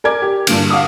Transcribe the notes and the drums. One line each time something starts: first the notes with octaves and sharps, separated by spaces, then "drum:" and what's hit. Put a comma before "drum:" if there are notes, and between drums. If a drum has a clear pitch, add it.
A#4 D5 G#5 D6 G#6
G4
G2 A#2 D3, drum: cymbal
F5 F#5 D6 D#6